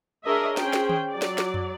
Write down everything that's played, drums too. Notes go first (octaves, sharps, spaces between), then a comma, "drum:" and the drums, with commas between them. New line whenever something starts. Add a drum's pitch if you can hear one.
D4 G#4 A#4 C#5 D#5 E5
C#4 G#4 C5 G5, drum: snare
drum: snare
drum: tom D#3
F#3 D5
drum: snare
drum: snare
drum: tom F2